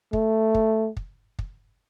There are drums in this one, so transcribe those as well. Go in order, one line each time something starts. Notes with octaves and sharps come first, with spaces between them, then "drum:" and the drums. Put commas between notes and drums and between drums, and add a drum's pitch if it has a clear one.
A3, drum: kick
drum: kick
drum: kick
drum: kick